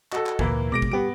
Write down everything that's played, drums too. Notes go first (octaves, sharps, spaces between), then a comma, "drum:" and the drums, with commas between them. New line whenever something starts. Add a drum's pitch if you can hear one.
F#4 A4 D#5, drum: clap
drum: clap
D2 A#2 E3 A#3 E4, drum: kick
B2 G#3 D6 A#6 D7
drum: kick
G3 B3 G4 D7